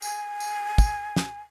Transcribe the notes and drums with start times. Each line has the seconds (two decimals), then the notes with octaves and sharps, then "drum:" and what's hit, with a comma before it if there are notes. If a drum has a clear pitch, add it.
0.02 G#5, drum: tambourine
0.40 drum: tambourine
0.78 drum: kick, tambourine
1.16 drum: snare